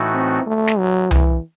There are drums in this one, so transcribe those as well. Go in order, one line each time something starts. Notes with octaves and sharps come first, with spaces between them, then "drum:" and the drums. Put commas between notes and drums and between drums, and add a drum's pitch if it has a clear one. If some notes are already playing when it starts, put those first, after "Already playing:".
Already playing: A2 E3 A3 D#4 F#4
C4
A3
drum: snare
F#3
E3, drum: tom C2